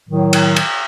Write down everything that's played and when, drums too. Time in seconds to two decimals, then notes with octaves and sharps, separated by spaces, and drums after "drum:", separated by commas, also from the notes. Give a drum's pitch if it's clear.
0.09 A2 D#3 F#3
0.33 drum: cymbal
0.56 drum: cymbal